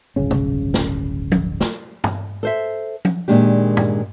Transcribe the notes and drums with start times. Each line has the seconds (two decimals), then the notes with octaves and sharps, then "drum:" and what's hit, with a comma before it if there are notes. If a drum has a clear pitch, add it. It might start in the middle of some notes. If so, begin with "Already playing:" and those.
0.16 D1 G1 C#3 C#4
0.31 drum: tom
0.74 drum: snare
1.32 drum: tom F3
1.61 drum: snare
2.04 drum: tom
2.43 A4 C5 E5
3.05 drum: tom F3
3.28 A#2 D#3 G#3 D4 G4
3.77 drum: tom